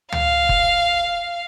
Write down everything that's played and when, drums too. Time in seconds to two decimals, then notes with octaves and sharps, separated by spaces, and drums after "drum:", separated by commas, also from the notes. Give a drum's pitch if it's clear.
0.12 F5, drum: tom C#2
0.49 drum: kick F1